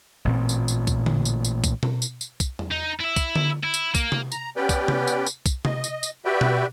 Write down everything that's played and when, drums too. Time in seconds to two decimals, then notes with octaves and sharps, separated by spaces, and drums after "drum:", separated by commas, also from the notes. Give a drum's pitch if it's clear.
0.25 A1 A#2 C4
0.49 drum: tambourine
0.68 drum: tambourine
0.87 drum: kick, tambourine
1.06 drum: tom D3
1.25 drum: tambourine
1.45 drum: tambourine
1.64 drum: kick, tambourine
1.83 drum: tom B2
2.02 drum: tambourine
2.21 drum: tambourine
2.40 drum: kick, tambourine
2.59 drum: tom E2
2.71 D#4
3.01 E4 E5
3.16 drum: kick, tambourine
3.36 drum: tom D3
3.63 E4
3.74 drum: tambourine
3.95 A#3, drum: kick, tambourine
4.12 drum: tom C3
4.32 A#5, drum: tambourine
4.56 B3 C#4 G4 B4 D5 G5
4.69 drum: kick, tambourine
4.88 drum: tom C3
5.07 drum: tambourine
5.27 drum: tambourine
5.46 drum: kick, tambourine
5.65 D#5, drum: tom C3
5.84 drum: tambourine
6.03 drum: tambourine
6.25 F#4 G4 B4 D5 E5 G5
6.41 drum: tom B2